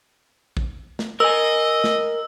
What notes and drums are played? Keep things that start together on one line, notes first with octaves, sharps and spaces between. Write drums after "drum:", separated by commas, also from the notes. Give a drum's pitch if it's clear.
drum: kick A1
drum: snare
A#4 D#5 G#5 E6
drum: snare